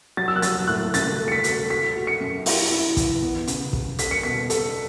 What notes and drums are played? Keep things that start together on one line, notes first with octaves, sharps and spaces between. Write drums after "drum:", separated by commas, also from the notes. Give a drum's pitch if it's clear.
F#3 A6
E6
F#6
F#3 A6, drum: hi-hat
A2 F#6
C#3 A6, drum: hi-hat
A3
C#7
B6
F#4, drum: hi-hat
A3 B6
F#4
C#7
F#2
E4, drum: open hi-hat
E4
E3, drum: kick, hi-hat
B3
C#3, drum: hi-hat
C#3, drum: kick
A4 B6, drum: hi-hat
C#7
B2 B6
A4, drum: hi-hat